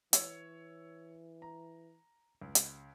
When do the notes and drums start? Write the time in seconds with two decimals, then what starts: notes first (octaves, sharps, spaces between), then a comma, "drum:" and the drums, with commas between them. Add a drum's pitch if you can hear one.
0.13 E3 C#5 E6, drum: hi-hat
1.42 A#5
2.42 C#2
2.55 drum: hi-hat